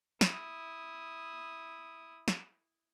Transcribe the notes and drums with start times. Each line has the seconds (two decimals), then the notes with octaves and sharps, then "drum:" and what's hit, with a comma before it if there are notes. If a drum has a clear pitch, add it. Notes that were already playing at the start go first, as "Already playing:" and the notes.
0.21 E4 D#6, drum: snare
2.28 drum: snare